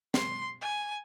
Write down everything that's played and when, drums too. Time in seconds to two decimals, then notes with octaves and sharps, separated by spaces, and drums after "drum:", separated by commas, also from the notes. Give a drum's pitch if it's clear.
0.14 C6, drum: snare
0.61 G#5